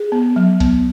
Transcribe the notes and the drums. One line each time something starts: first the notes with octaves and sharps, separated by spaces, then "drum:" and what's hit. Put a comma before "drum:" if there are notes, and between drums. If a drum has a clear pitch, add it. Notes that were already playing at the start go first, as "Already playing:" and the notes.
Already playing: G#4
B3
F#3
B3, drum: kick B1, hi-hat